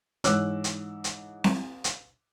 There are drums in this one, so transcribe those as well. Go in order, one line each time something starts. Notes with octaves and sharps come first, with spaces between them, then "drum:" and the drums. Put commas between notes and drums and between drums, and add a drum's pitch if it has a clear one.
G#2 E3 C#5 D6 E6 F#6, drum: hi-hat
drum: hi-hat
drum: hi-hat
drum: snare C4
drum: hi-hat